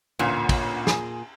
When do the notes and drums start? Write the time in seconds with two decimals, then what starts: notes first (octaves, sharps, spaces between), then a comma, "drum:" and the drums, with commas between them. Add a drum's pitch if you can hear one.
0.19 A1 D2 A#2
0.49 drum: kick, cymbal
0.87 G#4, drum: snare